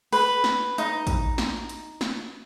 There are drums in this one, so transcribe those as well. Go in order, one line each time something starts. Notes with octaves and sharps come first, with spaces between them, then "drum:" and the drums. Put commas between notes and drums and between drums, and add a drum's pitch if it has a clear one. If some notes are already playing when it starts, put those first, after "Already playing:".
B4, drum: open hi-hat
drum: snare
D#4, drum: hi-hat
drum: kick A1, hi-hat
drum: snare
drum: hi-hat
drum: snare